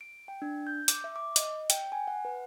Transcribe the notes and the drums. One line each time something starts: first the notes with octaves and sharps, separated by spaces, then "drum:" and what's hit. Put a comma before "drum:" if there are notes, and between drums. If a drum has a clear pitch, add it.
D7
G5
D4
G6
D6, drum: hi-hat
E5
D6
D#5, drum: hi-hat
G5, drum: hi-hat
G#5
F#5
B4